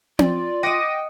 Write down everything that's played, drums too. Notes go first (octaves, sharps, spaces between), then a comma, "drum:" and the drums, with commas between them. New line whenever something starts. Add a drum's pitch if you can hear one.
F4 D5, drum: tom C4
D#5 F#5 G5 D6 A#6 D#7